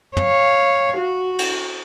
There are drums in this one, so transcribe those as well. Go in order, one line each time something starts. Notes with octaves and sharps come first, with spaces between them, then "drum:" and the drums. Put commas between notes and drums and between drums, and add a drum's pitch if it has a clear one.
C#5 F5, drum: tom
F#4
drum: cymbal